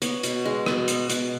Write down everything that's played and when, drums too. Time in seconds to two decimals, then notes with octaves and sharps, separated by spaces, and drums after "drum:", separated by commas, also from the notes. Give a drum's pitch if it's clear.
0.02 B3 C#5, drum: hi-hat
0.23 B2, drum: hi-hat
0.45 G#3
0.66 B2, drum: rim click
0.88 B3, drum: hi-hat
1.10 B2, drum: hi-hat